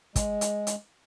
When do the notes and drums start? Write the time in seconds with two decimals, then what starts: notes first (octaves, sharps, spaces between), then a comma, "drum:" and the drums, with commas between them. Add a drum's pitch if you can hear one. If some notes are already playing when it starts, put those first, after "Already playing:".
0.16 G#3, drum: kick, hi-hat
0.41 drum: hi-hat
0.67 drum: hi-hat